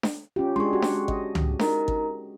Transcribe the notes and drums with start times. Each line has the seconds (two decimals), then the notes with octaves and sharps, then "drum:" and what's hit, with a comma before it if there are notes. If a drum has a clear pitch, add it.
0.03 drum: snare D4
0.36 C#4 F4 G4
0.56 G#3 D4 G#4 C6 C#6
0.73 F#4 G4
0.82 drum: snare D4
1.08 D#5, drum: kick
1.35 drum: tom C#2
1.59 D#4 A#4 A#5, drum: snare D4
1.88 drum: kick